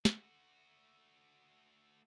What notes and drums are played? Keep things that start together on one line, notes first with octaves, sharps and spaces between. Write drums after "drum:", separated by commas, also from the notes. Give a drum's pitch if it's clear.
A3 F#4, drum: snare